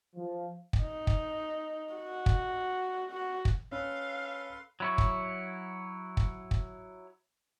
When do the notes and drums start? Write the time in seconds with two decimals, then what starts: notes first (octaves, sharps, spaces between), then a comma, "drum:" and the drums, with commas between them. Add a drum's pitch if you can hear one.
0.15 F3
0.73 drum: kick
0.83 D#4
1.07 drum: kick
1.94 F#4
2.26 drum: kick
3.11 F#4
3.45 drum: kick
3.72 C#4 A4 B4 F5 C6
4.80 F#3 E4 C#5
4.98 drum: kick
6.17 drum: kick
6.51 drum: kick